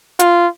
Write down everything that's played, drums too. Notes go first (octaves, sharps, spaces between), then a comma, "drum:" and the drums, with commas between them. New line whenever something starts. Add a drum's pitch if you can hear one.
F4, drum: hi-hat